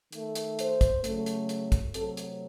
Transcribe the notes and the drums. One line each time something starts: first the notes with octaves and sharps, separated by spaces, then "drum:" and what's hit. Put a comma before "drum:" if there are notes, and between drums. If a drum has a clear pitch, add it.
D#3 A3, drum: hi-hat
drum: hi-hat
C5, drum: hi-hat
drum: kick, hi-hat
C#3 F#3 A3, drum: hi-hat
drum: hi-hat
drum: hi-hat
drum: kick, hi-hat
C3 F#3 A3 A4, drum: hi-hat
drum: hi-hat